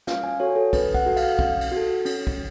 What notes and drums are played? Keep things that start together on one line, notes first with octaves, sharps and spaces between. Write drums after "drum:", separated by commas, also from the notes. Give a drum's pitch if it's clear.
C#4 F5, drum: snare
G#5
F#4 A4 C#5
A4
C#4 B4, drum: kick, cymbal
F#5, drum: kick
F#4 A4
F5, drum: cymbal
C#4, drum: kick
drum: cymbal
F#4
A4
C#4, drum: cymbal
drum: kick